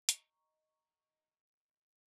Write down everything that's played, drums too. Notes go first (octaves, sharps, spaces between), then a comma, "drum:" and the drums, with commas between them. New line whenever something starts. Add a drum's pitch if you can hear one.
D#5 A#5 C#6, drum: hi-hat